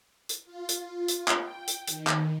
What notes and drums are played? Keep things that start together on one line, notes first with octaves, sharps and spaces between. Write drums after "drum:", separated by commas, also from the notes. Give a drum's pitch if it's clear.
drum: hi-hat
F4
drum: hi-hat
F4
drum: hi-hat
drum: clap
G5
drum: hi-hat
D#3, drum: hi-hat
drum: clap